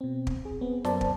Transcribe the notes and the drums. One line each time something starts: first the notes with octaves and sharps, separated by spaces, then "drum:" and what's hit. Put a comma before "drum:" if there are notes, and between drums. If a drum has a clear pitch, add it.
B2 C4
drum: kick
G#4
B3 C4
F#2 B3 A#4 C5 D5 A5, drum: snare
drum: kick